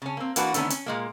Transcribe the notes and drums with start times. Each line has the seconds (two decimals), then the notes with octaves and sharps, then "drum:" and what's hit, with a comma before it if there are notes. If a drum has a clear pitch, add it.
0.02 C#3 C#4
0.17 A#3 C4
0.36 E3 A#3 D4 F#4 B4, drum: hi-hat
0.54 D3 D#3 A3 B3 C#4, drum: hi-hat
0.70 C#4, drum: hi-hat
0.86 A#2 G#3 A#3